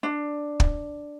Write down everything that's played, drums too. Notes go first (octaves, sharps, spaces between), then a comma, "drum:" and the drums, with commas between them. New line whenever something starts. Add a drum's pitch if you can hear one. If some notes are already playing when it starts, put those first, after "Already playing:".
D4
drum: kick